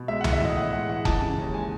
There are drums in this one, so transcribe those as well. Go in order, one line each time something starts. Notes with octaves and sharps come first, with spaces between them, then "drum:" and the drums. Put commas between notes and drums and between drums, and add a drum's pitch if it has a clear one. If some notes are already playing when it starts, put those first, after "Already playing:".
Already playing: B2
G#3 E5
F#5
E3, drum: tom C#2
E5
A2 D#5
A2 F#5
G#3 F#5
E3 F#5
E3 A5, drum: kick F1
C#3
D#2
G#3 G#5